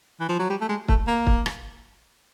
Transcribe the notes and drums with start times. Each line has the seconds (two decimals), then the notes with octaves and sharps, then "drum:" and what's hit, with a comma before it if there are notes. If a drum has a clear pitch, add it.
0.20 E3
0.29 F3
0.39 F#3
0.50 G3
0.61 A3
0.69 G#3
0.88 A3, drum: kick
1.07 A#3
1.27 drum: kick
1.46 drum: rim click